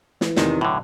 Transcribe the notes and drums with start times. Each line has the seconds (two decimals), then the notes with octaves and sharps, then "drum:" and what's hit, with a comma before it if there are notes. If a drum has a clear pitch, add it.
0.21 E3, drum: snare
0.36 E2 C3 D#3, drum: snare
0.61 B1 A2 D3